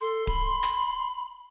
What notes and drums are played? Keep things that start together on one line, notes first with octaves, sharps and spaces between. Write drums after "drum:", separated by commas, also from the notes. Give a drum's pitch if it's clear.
A4 C6
B5, drum: kick D1
drum: hi-hat